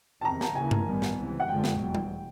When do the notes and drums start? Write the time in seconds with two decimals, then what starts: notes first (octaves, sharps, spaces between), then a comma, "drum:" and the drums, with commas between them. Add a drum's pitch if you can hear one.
0.21 A5
0.25 E2 C3 D#3 A#5
0.41 A5, drum: snare
0.55 D#2 C#3 E3 G#5
0.71 drum: tom G2
0.86 A1 G2 D#3 G3 B3
1.02 drum: snare
1.17 C#2 C3 E3
1.40 F#5
1.48 F#1 F2 D3 F3 G#3 G5
1.64 drum: snare
1.79 F1 E2 B2 F#3
1.95 drum: tom G3